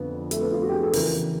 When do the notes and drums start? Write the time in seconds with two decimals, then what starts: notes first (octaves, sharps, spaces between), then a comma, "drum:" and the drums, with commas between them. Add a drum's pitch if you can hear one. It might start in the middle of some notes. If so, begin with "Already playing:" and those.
Already playing: F2 D3 F3 B3
0.31 A3, drum: hi-hat
0.41 B3
0.52 F4
0.63 F#4
0.69 G4
0.73 G#4
0.83 A4
0.93 E2 C#3 E3 A#4, drum: open hi-hat